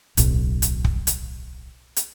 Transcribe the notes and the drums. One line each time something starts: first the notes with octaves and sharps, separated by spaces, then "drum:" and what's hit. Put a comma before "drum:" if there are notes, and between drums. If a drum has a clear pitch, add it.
D1 B1, drum: hi-hat
drum: hi-hat
drum: kick
drum: hi-hat
drum: hi-hat